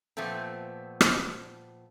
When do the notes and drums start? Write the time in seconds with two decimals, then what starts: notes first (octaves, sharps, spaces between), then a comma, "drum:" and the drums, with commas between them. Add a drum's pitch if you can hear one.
0.17 A#2 F3 A3 B3 C4
1.01 drum: rim click